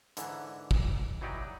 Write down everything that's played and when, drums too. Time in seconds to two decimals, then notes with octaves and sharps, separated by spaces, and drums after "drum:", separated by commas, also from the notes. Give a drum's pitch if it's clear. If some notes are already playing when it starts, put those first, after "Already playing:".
0.17 G#2 D3 E3, drum: hi-hat
0.71 drum: kick
1.21 E3 F#3 D#4 G4 D5